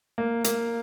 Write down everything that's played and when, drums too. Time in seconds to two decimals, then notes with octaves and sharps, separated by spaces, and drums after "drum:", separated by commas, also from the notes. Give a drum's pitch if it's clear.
0.18 A#3
0.44 A#3, drum: hi-hat